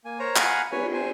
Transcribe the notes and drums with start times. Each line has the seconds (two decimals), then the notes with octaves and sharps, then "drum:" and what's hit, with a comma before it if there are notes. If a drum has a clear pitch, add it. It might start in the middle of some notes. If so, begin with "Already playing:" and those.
0.05 A#3 G#5
0.19 A#4 C5 C#5 A#5
0.36 F5 F#5 G#5 A#5 B5, drum: clap
0.72 B4 C#5 G#5, drum: cymbal
0.93 C5 G#5